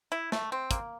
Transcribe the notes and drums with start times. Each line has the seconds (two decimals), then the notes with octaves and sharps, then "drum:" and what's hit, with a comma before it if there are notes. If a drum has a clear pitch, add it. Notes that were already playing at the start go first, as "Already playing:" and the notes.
0.12 E4
0.32 A3, drum: snare
0.52 C4
0.71 A#3, drum: kick, hi-hat